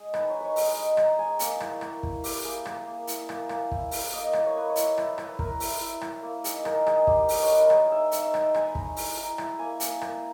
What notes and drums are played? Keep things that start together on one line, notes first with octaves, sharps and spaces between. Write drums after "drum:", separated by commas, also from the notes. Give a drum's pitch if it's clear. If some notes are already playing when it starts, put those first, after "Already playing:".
Already playing: G#3 G#4
D#4 B4, drum: rim click
D#4 C#5
B4 C#5
G#3, drum: open hi-hat
D#5
G#3
G#3 A#5, drum: rim click
G#3 G#5
A#3 G5, drum: hi-hat
E4, drum: rim click
A#3, drum: rim click
E4, drum: kick
E4 G4, drum: open hi-hat
A#3 G#4
A#3, drum: rim click
A#3
E4, drum: hi-hat
A#3, drum: rim click
A#3, drum: rim click
E4, drum: kick
E4, drum: open hi-hat
A#3 D#5
A#3 D#5, drum: rim click
C#5
A#3 B4
C#5
E4, drum: hi-hat
E4, drum: rim click
E4 B4, drum: rim click
E4 A#4, drum: kick
E4, drum: open hi-hat
E4
E4, drum: rim click
A#3
D#4 G#4, drum: hi-hat
G#3 A#4, drum: rim click
G#3 G#4, drum: rim click
G#3 G4, drum: kick
G#3 D#5, drum: open hi-hat
C#5
G#3 B4
A#4
D#4 G#4, drum: rim click
D#4 E5
D#4 E5, drum: hi-hat
D#4 G5, drum: rim click
G#3 G#5, drum: rim click
B5
G#3 A#5, drum: kick
E4, drum: open hi-hat
E4 A#5
E4, drum: rim click
A#3 G#5
A#3 A#5, drum: hi-hat
A#3 A#5, drum: rim click